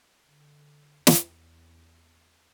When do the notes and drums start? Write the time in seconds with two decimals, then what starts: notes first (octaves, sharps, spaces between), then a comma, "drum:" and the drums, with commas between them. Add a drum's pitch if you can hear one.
0.28 D3
1.07 E2, drum: snare